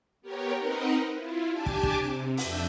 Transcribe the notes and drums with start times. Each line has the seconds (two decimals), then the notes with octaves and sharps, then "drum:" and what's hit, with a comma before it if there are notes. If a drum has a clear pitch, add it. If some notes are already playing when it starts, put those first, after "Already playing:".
0.21 B3 G4 A#4 C#5
0.57 C4 D#4 A#4 B4 D#5 F#5
1.14 E4 F4
1.49 D4 G4 G#5 A5 D6
1.66 drum: kick
1.83 drum: kick
1.94 C3
2.37 F2 D4 E5 G6, drum: open hi-hat